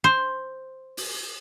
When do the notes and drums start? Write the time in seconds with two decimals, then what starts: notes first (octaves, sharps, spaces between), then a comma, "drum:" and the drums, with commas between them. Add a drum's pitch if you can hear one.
0.04 C5
0.97 drum: open hi-hat